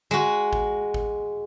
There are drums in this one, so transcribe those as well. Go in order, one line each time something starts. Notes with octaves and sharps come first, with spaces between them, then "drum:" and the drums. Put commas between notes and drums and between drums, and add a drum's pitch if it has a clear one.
G#3 F#4
drum: kick G#1
drum: kick G#1